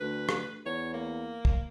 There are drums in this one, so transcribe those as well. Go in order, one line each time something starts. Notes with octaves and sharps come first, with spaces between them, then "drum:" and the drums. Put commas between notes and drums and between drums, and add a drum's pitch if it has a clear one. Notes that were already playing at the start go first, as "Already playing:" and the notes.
D2 B4
drum: rim click
E2 C#5
A#3
drum: kick